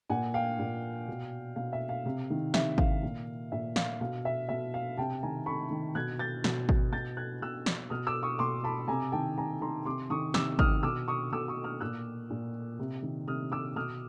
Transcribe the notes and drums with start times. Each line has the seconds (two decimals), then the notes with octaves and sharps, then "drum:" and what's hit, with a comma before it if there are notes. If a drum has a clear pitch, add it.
0.10 A#2 F#5 G#5
0.34 F5 G5
0.59 A#2
1.08 B2
1.56 B2 F5
1.73 E5
1.89 F5
2.06 C3
2.30 D#3
2.54 C3 E5, drum: snare
2.78 D#3 F5, drum: kick G#1
3.03 A#2
3.52 A#2 E5
3.76 F5, drum: snare
4.01 B2 F5
4.25 E5
4.49 B2 E5
4.74 F5
4.97 C3 G5 A5
5.23 D#3 G#5 A#5
5.46 C3 B5 C#6
5.71 D#3
5.95 B2 F#6 G#6
6.19 G6 A6
6.44 B2, drum: snare
6.69 drum: kick G#1
6.93 B2 G6 A6
7.17 F#6 G#6
7.42 B2 E6 F#6
7.66 drum: snare
7.90 B2 D#6 F6
8.07 D6 E6
8.23 C#6 D#6
8.39 B2 C6 D6
8.64 A5 B5
8.88 C3 G#5 A#5
9.12 D#3 G5 A5
9.38 C3 G#5 A#5
9.61 D#3 A#5 C6
9.85 C3 C6 D6
10.10 D#3 C#6 D#6
10.34 C3 D6 E6, drum: snare
10.59 D#3 D#6 F6, drum: kick G#1
10.83 B2 D6 E6
11.08 C#6 D#6
11.32 B2 D6 E6
11.48 C#6 D#6
11.64 D#6 F6
11.80 A#2 E6 F#6
12.30 A#2
12.79 C3
13.03 D#3
13.27 C3 D#6 F6
13.52 D#3 D6 E6
13.76 B2 D#6 F6